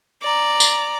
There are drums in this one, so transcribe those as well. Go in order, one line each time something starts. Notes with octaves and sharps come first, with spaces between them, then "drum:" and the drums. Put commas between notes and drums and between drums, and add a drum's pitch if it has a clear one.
D5 A#5
drum: tambourine